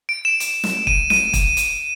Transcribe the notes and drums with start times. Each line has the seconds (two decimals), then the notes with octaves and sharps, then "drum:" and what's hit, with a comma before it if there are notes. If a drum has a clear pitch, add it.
0.09 D7
0.25 E7
0.40 E7, drum: hi-hat
0.64 drum: snare
0.87 D#7, drum: kick
1.10 D#7, drum: snare
1.33 drum: kick, hi-hat
1.57 drum: hi-hat